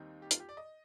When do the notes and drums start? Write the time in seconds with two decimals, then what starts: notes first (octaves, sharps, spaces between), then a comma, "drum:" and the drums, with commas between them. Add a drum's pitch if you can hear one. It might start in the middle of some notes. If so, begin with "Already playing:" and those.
Already playing: D#2 D#3 G3 C4 D#4
0.22 G4
0.31 F4, drum: hi-hat
0.40 G4
0.49 D5
0.57 D#5